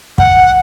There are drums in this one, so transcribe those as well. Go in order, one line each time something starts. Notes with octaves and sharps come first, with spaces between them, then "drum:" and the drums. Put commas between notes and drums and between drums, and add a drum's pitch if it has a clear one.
F#5, drum: kick